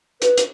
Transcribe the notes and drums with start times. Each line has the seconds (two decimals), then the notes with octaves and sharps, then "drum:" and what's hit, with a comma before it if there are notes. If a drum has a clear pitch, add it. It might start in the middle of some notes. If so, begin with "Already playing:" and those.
0.22 B4, drum: hi-hat
0.37 drum: hi-hat